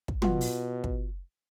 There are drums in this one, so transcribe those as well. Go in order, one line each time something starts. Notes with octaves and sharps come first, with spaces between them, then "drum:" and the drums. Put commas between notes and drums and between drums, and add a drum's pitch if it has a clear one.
drum: kick
B2 F4 F#5, drum: tom
drum: open hi-hat
drum: kick